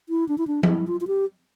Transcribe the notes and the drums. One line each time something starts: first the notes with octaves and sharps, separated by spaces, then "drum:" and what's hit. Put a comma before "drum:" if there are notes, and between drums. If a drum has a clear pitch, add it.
E4
D4
E4
D4
F4, drum: tom F3
E4
F4
F4
G4